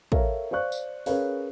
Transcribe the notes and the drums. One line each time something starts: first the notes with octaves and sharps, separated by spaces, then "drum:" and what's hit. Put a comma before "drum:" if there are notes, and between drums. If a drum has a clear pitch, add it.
A4 A#4 C#5 E5 F5 A#5, drum: kick
C5 D5 F5 C#6 F#6
drum: tambourine
C#4 G#4 A#4 B4 C#5 F5, drum: open hi-hat